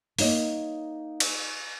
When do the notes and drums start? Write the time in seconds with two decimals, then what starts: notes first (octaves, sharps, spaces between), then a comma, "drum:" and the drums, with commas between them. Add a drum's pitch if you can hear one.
0.19 A#3 D#4 C#5 D#5, drum: open hi-hat
1.20 drum: cymbal